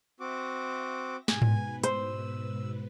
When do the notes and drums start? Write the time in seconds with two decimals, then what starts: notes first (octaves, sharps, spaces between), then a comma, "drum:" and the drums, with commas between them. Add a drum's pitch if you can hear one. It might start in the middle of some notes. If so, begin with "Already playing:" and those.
0.20 C4 F#4 E5 D6 A#6
1.28 G#2 B2 B4 G#5, drum: snare
1.42 drum: tom G#2
1.84 C5 E6, drum: hi-hat